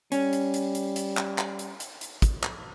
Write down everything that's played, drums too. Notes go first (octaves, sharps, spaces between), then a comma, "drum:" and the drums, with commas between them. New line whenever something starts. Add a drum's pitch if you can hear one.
G3 C#4, drum: hi-hat
drum: hi-hat
drum: hi-hat
drum: hi-hat
drum: hi-hat
drum: clap
drum: clap
drum: hi-hat
drum: hi-hat
drum: hi-hat
drum: kick, hi-hat
drum: clap